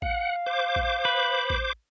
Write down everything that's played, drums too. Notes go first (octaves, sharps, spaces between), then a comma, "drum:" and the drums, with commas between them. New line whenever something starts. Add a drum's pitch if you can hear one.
F5 F#5, drum: kick A1
C5 D6
drum: kick A1
B4
drum: kick A1